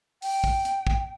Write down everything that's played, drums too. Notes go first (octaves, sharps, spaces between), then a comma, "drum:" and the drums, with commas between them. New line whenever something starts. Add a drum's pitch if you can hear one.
G5, drum: open hi-hat
drum: kick
drum: hi-hat
drum: kick